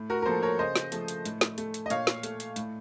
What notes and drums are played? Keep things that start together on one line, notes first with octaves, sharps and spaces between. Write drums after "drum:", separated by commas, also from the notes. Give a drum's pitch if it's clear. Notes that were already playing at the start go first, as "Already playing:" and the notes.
Already playing: A2
F#4 A#4
A#4
F3 A#3 A4 C5
A#4 C#5
C#3 C5 D#5
drum: snare
F3 A3, drum: hi-hat
drum: hi-hat
A2, drum: hi-hat
drum: snare
A3, drum: hi-hat
drum: hi-hat
D#5
A#2 C#5 F5, drum: hi-hat
drum: snare
A3, drum: hi-hat
drum: hi-hat
A2, drum: hi-hat